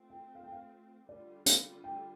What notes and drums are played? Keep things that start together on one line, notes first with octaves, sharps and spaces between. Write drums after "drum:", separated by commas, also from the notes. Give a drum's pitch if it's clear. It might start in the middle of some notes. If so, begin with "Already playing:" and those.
Already playing: A3 C4 F4
G5
F5
G5
F5
D3 G3 F4 D5
F5, drum: hi-hat
G5